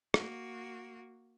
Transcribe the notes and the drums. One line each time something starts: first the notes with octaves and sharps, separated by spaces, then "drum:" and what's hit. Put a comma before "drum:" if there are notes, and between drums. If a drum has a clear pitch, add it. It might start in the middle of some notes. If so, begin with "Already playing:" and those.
A#3 F#4, drum: rim click